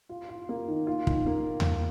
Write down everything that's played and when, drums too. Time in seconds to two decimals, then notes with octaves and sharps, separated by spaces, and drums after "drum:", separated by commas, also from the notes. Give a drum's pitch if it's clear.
0.09 F4
0.28 F4
0.49 A#3
0.68 D#3
0.87 F4
1.07 D#3, drum: kick
1.26 A#3
1.60 drum: tom D#2